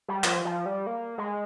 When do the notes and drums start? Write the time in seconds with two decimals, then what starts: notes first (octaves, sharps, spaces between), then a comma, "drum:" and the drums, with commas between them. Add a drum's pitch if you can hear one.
0.08 G3
0.24 F3, drum: clap
0.45 F3
0.66 G3
0.87 A#3
1.18 G#3